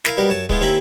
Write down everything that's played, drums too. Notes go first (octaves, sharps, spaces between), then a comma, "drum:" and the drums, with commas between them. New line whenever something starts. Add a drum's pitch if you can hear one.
E4 A#4 F5, drum: snare
B2 G3 B3 A#4
F#2 C#5 A5
G#3 B3 E4 F4, drum: kick
D#2 C4 C#4 E4 A#5 B5